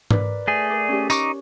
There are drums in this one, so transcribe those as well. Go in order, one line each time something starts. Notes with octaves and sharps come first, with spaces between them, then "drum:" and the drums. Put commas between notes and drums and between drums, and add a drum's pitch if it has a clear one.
A#4 B4 D5, drum: tom G#2
A3 G#4
A#4 D5
C#4 G4
D#4 C#6 D6 F#6, drum: tambourine